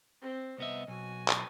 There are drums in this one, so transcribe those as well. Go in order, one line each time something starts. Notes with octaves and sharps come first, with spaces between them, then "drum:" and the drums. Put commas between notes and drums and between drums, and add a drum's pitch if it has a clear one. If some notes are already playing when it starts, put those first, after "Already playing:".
C4
C2 B3 D#5 E5
B1 F#4 G#5
drum: clap